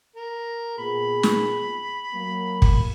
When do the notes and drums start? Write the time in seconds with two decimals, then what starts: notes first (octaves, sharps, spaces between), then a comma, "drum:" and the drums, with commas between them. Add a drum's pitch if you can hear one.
0.16 A#4
0.78 A#2 B3 G#4 B5
1.23 drum: snare
2.14 F#3 A#3
2.62 drum: kick